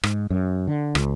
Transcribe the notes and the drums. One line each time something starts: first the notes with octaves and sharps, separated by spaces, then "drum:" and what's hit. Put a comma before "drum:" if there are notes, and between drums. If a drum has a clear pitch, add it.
G#2, drum: rim click
F#2
D3
C#2, drum: rim click